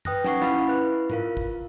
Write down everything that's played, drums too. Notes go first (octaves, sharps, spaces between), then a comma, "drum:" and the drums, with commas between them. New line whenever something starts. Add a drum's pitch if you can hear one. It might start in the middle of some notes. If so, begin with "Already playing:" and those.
B4 G5 D#6 F#6 A#6, drum: tom
C#4 D#4 F#5 C#6 C7, drum: snare
C#4 E4 F5 B5, drum: snare
E4 B4 F#6
F4 A#4 F5, drum: tom G#2
drum: kick